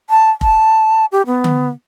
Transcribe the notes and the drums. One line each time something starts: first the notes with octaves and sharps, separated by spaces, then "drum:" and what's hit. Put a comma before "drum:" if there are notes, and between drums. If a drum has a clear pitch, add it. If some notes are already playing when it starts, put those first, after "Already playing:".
A5
A5, drum: kick F1
G4
B3
drum: tom D3